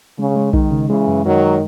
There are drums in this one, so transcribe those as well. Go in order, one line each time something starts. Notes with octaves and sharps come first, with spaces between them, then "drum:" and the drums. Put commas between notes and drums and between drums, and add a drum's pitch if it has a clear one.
C#3 G#3
G#3
D#3 D#4, drum: kick B1
C#3
C#3 E3 G#3
F#2
F#2 D#3 F#3